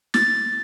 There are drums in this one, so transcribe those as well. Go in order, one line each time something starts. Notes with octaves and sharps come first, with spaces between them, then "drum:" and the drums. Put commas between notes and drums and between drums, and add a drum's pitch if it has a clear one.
A6, drum: snare